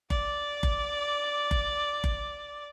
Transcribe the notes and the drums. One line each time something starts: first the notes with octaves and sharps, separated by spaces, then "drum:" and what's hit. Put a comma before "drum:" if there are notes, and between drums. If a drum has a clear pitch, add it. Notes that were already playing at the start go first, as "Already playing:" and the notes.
D5 D6, drum: kick F#1
drum: kick F#1
drum: kick F#1
drum: kick F#1